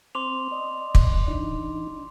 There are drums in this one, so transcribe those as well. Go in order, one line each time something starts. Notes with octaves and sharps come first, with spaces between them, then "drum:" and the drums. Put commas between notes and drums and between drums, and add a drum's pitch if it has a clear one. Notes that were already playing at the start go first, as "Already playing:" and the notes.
C4 C6 D6 F7
D5 D#5
drum: kick
E3 D4 D#4